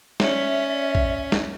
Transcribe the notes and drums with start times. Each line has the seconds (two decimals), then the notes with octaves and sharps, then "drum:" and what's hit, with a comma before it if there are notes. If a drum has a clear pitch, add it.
0.20 C#4 D5 E5, drum: snare
0.95 drum: kick A#1
1.32 drum: snare